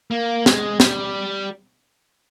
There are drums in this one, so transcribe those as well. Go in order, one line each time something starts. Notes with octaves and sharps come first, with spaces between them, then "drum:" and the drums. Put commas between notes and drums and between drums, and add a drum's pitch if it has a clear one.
A#3
G#3, drum: snare
G3, drum: snare